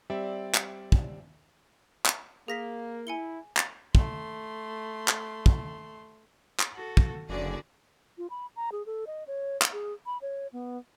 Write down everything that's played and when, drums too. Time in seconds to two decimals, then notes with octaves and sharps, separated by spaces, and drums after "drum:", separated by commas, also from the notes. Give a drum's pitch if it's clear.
0.10 G3 C4 D5 E5
0.54 drum: clap
0.92 drum: kick
2.06 drum: clap
2.48 A#3 G#4 A#6 B6
3.07 E4 G#5 C#7 G7
3.57 drum: clap
3.95 A3 C6, drum: kick
5.08 drum: clap
5.46 drum: kick
6.59 drum: clap
6.73 F#4 A4
6.97 drum: kick
7.29 F#1 D3 A#3 F#4 G#4 D5
8.18 F4
8.30 B5
8.56 A#5
8.72 G#4
8.86 A4
9.07 D#5
9.27 C#5
9.62 drum: clap
9.73 G#4
10.06 B5
10.22 C#5
10.53 B3